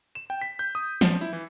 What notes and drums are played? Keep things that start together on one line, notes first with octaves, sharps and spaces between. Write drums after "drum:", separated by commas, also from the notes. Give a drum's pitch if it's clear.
E7
G5
B6
G6
D#6
F3, drum: snare
E4
E3